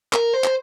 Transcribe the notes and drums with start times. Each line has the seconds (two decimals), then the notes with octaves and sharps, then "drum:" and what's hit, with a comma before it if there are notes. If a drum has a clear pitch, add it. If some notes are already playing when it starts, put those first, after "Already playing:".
0.13 A#4, drum: clap
0.33 C5
0.44 drum: clap